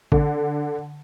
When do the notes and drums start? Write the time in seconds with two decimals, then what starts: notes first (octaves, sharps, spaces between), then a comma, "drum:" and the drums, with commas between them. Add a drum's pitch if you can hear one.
0.12 D3, drum: kick A1